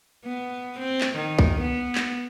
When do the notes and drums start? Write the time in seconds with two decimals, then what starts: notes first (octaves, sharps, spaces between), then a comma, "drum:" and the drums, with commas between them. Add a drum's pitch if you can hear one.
0.25 B3
0.79 C4
1.01 drum: clap
1.16 D#3
1.39 drum: kick B1
1.61 B3
1.95 drum: clap